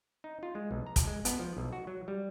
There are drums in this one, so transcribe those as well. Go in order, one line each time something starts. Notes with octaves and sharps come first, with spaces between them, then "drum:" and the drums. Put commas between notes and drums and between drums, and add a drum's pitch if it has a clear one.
D#4
F4
G#3
B1
A#5
drum: kick, hi-hat
G#3
B3, drum: hi-hat
F3
B1
F#4
F#3
G3